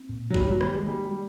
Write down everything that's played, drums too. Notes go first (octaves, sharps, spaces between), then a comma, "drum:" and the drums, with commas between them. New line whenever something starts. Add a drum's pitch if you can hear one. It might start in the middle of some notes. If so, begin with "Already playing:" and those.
Already playing: C4
A#2
F#3
G2 G3, drum: kick G#1
F#3
D#3 G3, drum: rim click
G#3
G3 G#3
G3